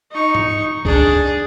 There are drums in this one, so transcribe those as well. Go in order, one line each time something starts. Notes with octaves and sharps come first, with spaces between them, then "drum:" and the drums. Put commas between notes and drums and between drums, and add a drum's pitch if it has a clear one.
D#4 C#6
drum: tom G#2
D4 G#4, drum: kick C2